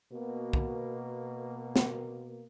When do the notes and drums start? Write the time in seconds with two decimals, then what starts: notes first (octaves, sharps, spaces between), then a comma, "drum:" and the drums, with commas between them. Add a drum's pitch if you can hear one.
0.12 B2 A#3
0.53 drum: kick B1
1.76 drum: snare